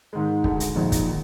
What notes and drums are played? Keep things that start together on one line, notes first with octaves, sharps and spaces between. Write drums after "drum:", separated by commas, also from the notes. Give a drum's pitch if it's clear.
G#2 D#3 G#3
D2 D3 G#3, drum: kick
drum: hi-hat
A#1 A#2 G#3 D#4
drum: kick, hi-hat
D#3